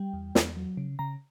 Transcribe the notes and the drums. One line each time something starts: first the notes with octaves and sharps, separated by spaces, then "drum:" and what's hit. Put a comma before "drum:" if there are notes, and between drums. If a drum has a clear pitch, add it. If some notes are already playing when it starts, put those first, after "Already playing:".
Already playing: G3 G5
E2
E2, drum: snare
F#3
C#3
C#3 A#5